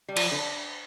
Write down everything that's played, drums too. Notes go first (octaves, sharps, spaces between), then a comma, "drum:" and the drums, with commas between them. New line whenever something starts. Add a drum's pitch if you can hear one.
G3
F3, drum: cymbal
D3